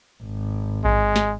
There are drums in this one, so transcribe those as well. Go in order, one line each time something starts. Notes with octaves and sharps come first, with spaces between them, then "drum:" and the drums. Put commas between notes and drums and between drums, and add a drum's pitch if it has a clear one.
G#1
G#3, drum: kick A1
drum: snare